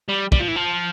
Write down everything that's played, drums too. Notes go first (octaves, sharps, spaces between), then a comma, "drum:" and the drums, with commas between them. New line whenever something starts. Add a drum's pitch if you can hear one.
G3
G3, drum: kick
F3
E3
F3